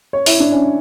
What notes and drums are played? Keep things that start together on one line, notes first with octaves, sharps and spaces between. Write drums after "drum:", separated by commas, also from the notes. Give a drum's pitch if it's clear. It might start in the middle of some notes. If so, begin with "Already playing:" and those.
C#5
E4, drum: open hi-hat
D4
C#4